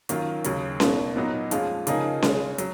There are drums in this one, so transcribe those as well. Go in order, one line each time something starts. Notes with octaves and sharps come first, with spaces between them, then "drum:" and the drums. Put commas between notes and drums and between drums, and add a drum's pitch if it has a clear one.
D#3 F#3 A#3 C#4 F4, drum: hi-hat
D#2 C#3 F#3, drum: hi-hat
B2 A#3 D#4, drum: snare C#4
A#2 F#3 B3 D#4 F#4
F2 F3 G#3 C#4 F4, drum: hi-hat
C#3 F3 A#3 D#4 G#4, drum: hi-hat
C#3 G#3 C#4, drum: snare C#4
F#3, drum: hi-hat